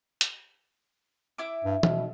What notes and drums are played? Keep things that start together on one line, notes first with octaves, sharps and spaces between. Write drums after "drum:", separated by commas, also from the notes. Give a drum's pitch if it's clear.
drum: hi-hat
E4 E5 D6
G2
B2, drum: tom E3